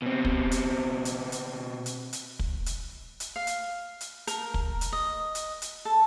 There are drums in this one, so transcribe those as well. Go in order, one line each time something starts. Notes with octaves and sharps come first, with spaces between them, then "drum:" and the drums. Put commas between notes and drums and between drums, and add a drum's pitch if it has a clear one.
B2 C4
drum: kick
drum: hi-hat
drum: hi-hat
drum: hi-hat
drum: hi-hat
drum: hi-hat
drum: kick
drum: hi-hat
drum: hi-hat
F5
drum: hi-hat
drum: hi-hat
A#4, drum: hi-hat
drum: kick
drum: hi-hat
D#5
drum: hi-hat
drum: hi-hat
A4